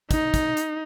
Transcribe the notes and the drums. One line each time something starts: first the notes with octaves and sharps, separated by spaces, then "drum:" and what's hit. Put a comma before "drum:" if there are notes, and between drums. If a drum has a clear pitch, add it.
D#4, drum: kick, hi-hat
drum: kick, hi-hat
drum: hi-hat